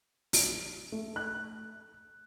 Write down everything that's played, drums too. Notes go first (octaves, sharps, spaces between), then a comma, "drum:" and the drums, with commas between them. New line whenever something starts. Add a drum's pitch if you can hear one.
drum: open hi-hat
A3
F#6